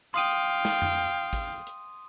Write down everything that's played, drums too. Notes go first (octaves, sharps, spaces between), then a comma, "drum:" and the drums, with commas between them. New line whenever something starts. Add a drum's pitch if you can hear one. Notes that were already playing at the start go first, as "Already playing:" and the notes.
F5 G5 C6 D#6 D#7
drum: hi-hat
drum: snare
drum: tom F2
drum: hi-hat
drum: kick, hi-hat
drum: hi-hat